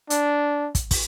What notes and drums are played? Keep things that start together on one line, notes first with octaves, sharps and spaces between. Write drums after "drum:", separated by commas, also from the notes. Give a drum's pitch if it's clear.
D4, drum: hi-hat
drum: kick, hi-hat
drum: kick, open hi-hat